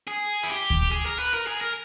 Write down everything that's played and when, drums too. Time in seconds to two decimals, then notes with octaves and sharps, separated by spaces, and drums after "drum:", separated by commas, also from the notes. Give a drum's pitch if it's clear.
0.07 G#4
0.43 E4
0.50 G4
0.70 drum: kick D2
0.91 G#4
1.06 A#4
1.19 B4
1.34 A#4
1.47 G#4
1.61 A#4